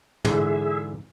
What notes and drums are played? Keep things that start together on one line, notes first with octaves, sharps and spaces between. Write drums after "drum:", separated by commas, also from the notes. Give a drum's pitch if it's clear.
G#2 D3 E3 G#4 E5, drum: tom